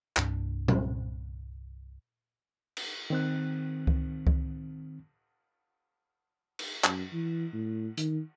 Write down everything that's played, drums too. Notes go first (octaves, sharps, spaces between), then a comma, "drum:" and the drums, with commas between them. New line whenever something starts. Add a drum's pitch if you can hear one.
C2 G2 D4, drum: clap
drum: tom A#2
drum: cymbal
D#3 C4 F#6
drum: kick C#2
drum: kick C#2
drum: cymbal
F#2, drum: clap
E3
A2
D#3, drum: hi-hat